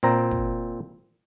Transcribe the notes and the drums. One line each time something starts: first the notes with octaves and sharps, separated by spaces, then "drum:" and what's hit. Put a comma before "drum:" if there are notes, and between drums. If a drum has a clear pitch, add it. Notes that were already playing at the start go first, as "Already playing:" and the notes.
A#2 C4 C5 A#5
drum: kick